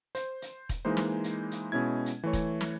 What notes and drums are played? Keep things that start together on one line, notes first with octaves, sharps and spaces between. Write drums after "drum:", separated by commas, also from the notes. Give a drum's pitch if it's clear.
C5, drum: hi-hat
drum: hi-hat
drum: kick E1, hi-hat
E3 G#3 A#3 D#4 C5
drum: snare
drum: hi-hat
drum: hi-hat
B2 G#3 C#4 E4 G#6
drum: hi-hat
E3 A3 C#5
drum: kick E1, hi-hat
drum: snare